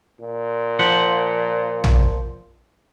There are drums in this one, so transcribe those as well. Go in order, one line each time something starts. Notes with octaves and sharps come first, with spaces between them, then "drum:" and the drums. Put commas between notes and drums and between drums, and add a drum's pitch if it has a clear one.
A#2
F3 C5 F#5
drum: tom A#1